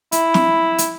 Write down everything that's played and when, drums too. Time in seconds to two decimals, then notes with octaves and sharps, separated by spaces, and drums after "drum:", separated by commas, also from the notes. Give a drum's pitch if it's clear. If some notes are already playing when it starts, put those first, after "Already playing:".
0.12 E4, drum: hi-hat
0.34 drum: snare
0.78 drum: hi-hat